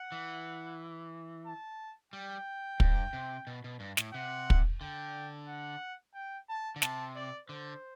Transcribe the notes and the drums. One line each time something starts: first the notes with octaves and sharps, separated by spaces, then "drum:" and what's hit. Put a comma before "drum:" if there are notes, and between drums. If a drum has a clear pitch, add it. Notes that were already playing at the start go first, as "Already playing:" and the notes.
Already playing: F#5
E3
A5
G3 G5
G2, drum: kick
C3
B2
B2
G2
A2, drum: snare
C3 F#5
drum: kick
D3 G5
F#5
G5
A5
D3
C3 A5, drum: snare
D5
D3 C5